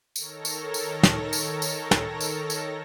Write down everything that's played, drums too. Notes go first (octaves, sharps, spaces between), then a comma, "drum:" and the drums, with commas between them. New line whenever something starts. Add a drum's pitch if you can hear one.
D#3 A4 A#4 C#5 A#6, drum: tambourine
drum: tambourine
drum: tambourine
drum: snare
drum: tambourine
drum: tambourine
drum: snare
drum: tambourine
drum: tambourine